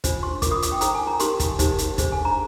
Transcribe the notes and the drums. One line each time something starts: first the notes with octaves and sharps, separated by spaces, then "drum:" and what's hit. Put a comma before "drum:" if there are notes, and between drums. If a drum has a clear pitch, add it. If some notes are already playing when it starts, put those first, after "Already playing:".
D4 F4 C5, drum: kick, hi-hat
C6
F4 A#4 D6, drum: kick, hi-hat
D#6
D6, drum: hi-hat
G5
D#4 G#4 C5 A#5, drum: hi-hat
G#5
A#5
D#4 G4 A#4 C6, drum: hi-hat
drum: kick, hi-hat
D#4 G4 C5, drum: kick, hi-hat
drum: hi-hat
D4 G#4 C5, drum: kick, hi-hat
G#5
A#5